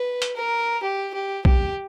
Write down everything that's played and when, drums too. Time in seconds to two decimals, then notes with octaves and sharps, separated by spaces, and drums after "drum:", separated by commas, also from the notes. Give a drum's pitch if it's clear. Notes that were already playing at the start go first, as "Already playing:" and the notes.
Already playing: B4
0.22 drum: hi-hat
0.36 A#4
0.83 G4
1.14 G4
1.45 G4, drum: kick